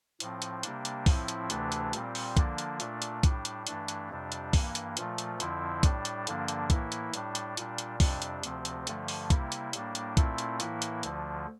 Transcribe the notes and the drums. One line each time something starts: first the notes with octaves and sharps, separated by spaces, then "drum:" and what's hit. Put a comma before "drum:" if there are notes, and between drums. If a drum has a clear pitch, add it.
A2 F3 C4, drum: hi-hat
drum: hi-hat
C3 G3 A#3 D4, drum: hi-hat
drum: hi-hat
A2 F3 C4 E4, drum: kick B1, open hi-hat
drum: hi-hat
D2 C3 E3 A3 D4, drum: hi-hat
drum: hi-hat
A#2 G3 C4, drum: hi-hat
drum: open hi-hat
D3 F3 A#3 D4, drum: kick B1, hi-hat
drum: hi-hat
A#2 A3 D4, drum: hi-hat
drum: hi-hat
A2 G3 D4, drum: kick B1, hi-hat
drum: hi-hat
G2 E3 A3 D4, drum: hi-hat
drum: hi-hat
F2 C3 G3 D4
drum: hi-hat
G2 E3 A#3, drum: kick B1, open hi-hat
drum: hi-hat
A#2 F3 A3, drum: hi-hat
drum: hi-hat
F2 D3 F3 C4 E4, drum: hi-hat
A2 G3 D4, drum: kick B1, hi-hat
drum: hi-hat
G2 D3 F3 A#3 D4, drum: hi-hat
drum: hi-hat
A2 E3 A#3 E4, drum: kick B1, hi-hat
drum: hi-hat
A2 G3 D4, drum: hi-hat
drum: hi-hat
A#2 G3 D4, drum: hi-hat
drum: hi-hat
F2 C3 G3 D4, drum: kick B1, open hi-hat
drum: hi-hat
D2 C3 F3 C4, drum: hi-hat
drum: hi-hat
G2 D3 F3 A3, drum: hi-hat
drum: open hi-hat
C3 G3 A#3 E4, drum: kick B1, hi-hat
drum: hi-hat
A2 G3 A#3 D4, drum: hi-hat
drum: hi-hat
A#2 A3 C4 E4, drum: kick B1, hi-hat
drum: hi-hat
A2 E3 A#3 E4, drum: hi-hat
drum: hi-hat
D2 D3 F3, drum: hi-hat